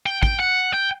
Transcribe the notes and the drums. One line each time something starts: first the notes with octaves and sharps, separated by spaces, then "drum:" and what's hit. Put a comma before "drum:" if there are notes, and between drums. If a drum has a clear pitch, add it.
G5
G5, drum: kick
F#5
G5